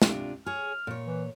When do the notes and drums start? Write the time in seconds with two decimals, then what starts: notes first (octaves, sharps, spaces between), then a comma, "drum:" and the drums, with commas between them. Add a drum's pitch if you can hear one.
0.02 C3 D4 F4, drum: snare
0.46 G#4 C#5 F6
0.87 A#2 C#5
1.06 E3